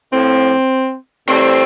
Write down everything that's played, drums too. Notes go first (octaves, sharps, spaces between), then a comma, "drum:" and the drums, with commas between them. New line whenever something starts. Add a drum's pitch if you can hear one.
A2 F3 C4
A2 E3 G3 C4, drum: cymbal